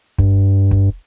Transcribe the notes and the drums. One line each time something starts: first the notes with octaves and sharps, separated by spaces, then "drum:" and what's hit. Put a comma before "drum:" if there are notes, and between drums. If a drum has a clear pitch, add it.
G2, drum: kick
drum: kick